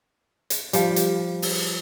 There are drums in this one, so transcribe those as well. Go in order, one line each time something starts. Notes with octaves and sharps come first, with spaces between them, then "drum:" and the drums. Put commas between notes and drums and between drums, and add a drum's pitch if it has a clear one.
drum: hi-hat
F3 G3, drum: hi-hat
drum: hi-hat
drum: open hi-hat